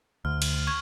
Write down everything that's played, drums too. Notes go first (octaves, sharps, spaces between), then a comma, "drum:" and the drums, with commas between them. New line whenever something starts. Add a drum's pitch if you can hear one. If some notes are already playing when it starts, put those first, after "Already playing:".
D2 F6
drum: cymbal
C#6 G#6